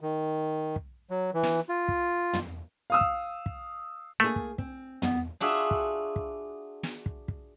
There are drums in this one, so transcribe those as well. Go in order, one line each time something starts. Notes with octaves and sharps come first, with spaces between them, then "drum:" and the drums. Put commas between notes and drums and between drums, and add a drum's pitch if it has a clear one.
D#3
drum: kick
F#3
E3
drum: snare
F4
drum: kick
drum: tom
F5 D#6 E6
drum: kick
drum: kick
A3 A#3 G#4
drum: kick
C4, drum: kick
B3, drum: tom
D4 F4 F#4 G#4 E5
drum: kick
drum: kick
drum: snare
drum: kick
drum: kick